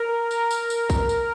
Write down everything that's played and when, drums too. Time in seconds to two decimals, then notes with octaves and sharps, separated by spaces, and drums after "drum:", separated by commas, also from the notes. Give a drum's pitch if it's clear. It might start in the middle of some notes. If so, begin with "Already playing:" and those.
Already playing: A#4
0.31 A#4, drum: tambourine
0.51 drum: tambourine
0.70 drum: tambourine
0.90 drum: kick, tambourine
1.09 drum: tambourine